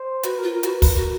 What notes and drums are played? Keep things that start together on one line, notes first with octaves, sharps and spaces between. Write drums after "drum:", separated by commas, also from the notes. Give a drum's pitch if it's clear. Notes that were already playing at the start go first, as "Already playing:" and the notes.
Already playing: C5
F#4 B4, drum: hi-hat
F4 A#4
A#4
F#4, drum: hi-hat
B4
A#4, drum: kick, open hi-hat
F#4